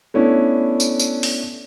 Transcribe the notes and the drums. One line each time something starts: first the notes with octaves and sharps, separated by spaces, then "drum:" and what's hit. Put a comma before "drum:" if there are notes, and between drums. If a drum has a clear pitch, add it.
A3 B3 C#4 D4 E4
drum: tambourine
drum: tambourine
drum: open hi-hat